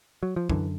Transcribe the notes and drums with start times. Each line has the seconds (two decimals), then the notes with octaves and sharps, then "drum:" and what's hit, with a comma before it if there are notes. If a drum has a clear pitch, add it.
0.23 F#3
0.36 F3
0.50 F#2 D3 E3, drum: kick